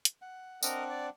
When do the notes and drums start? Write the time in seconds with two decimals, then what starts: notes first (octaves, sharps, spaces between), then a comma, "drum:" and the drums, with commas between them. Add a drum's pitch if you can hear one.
0.05 drum: hi-hat
0.22 F#5
0.63 C4 D4 A#4 D#5 F#5, drum: tambourine
0.89 D5